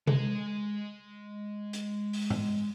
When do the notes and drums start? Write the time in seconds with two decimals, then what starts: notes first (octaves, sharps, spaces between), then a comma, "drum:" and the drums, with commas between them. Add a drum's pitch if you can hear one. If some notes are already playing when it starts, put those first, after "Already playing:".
0.07 G#3 D#5, drum: tom C3
1.73 drum: hi-hat
2.13 drum: open hi-hat
2.30 drum: tom G#2